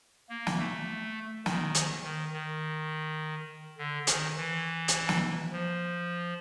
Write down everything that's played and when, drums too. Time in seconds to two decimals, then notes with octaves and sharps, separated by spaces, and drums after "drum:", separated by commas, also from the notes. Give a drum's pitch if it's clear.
0.29 A#3
0.47 drum: snare
0.58 A3
1.46 D#3, drum: snare
1.75 drum: hi-hat
2.04 D#3
2.33 D#3
3.78 D3
4.07 D#3, drum: hi-hat
4.37 E3
4.88 drum: hi-hat
5.09 drum: snare
5.52 F3